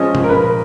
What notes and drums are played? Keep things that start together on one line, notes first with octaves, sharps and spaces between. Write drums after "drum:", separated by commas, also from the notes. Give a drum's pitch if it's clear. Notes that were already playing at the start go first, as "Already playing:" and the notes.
Already playing: F3 G#3 C#4 D#5
drum: tom A#2
A#4
B4